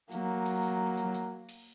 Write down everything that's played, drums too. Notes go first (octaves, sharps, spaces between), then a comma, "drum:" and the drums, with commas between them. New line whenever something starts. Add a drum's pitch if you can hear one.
F#3 A#3, drum: hi-hat
drum: open hi-hat
drum: hi-hat
drum: hi-hat
drum: hi-hat
drum: open hi-hat